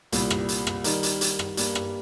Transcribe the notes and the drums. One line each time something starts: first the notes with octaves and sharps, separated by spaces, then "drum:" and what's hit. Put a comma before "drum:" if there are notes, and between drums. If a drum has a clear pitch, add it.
C2 A#2 G3, drum: hi-hat
drum: rim click
drum: hi-hat
drum: rim click
D#3 G3 D#4 A#4, drum: hi-hat
drum: hi-hat
drum: hi-hat
drum: rim click
G2 G3 A#3, drum: hi-hat
drum: rim click